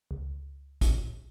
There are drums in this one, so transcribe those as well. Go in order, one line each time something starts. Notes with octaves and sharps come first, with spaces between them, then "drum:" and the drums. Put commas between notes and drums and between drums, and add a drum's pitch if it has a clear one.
C#2
drum: kick, hi-hat